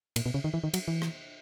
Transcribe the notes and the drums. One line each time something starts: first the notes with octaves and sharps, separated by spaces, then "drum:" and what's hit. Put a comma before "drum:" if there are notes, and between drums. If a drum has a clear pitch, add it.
A#2, drum: cymbal
B2
C#3
D#3
E3
D#3
F#3, drum: cymbal
E3
drum: rim click